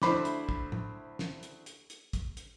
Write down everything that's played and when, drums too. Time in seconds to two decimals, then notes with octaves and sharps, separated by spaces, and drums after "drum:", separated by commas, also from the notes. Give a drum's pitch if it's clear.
0.02 D2 E4 C5 B5 D6, drum: snare
0.25 drum: hi-hat
0.49 drum: kick
0.72 drum: tom
1.19 drum: snare
1.43 drum: hi-hat
1.66 drum: hi-hat
1.90 drum: hi-hat
2.13 drum: kick, hi-hat
2.37 drum: hi-hat